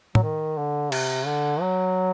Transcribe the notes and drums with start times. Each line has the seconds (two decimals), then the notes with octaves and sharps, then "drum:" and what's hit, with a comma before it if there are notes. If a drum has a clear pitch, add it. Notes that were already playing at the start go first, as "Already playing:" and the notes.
0.15 F#3, drum: tom
0.23 D#3
0.58 D3
0.92 C3, drum: cymbal
1.26 D3
1.61 F#3